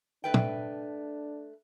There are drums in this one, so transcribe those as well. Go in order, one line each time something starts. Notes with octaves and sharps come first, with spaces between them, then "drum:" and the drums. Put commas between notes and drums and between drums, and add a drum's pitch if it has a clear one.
A3 D4 B4 G5
drum: tom